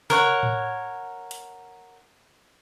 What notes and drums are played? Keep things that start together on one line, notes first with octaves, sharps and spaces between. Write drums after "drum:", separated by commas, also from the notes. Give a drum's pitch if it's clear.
A#4 C#5 F#5, drum: tom C3
drum: tom A2
drum: hi-hat